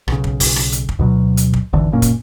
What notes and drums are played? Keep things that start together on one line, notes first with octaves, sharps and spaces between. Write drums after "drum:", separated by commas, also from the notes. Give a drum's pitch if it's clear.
B1 C#3, drum: rim click
drum: kick
drum: kick, open hi-hat
drum: rim click
drum: hi-hat
drum: kick
D2 B2 F#3
drum: hi-hat
drum: kick
G#1 D#2 D3 E3
F#1 A#2 A#3 C#4
drum: kick, hi-hat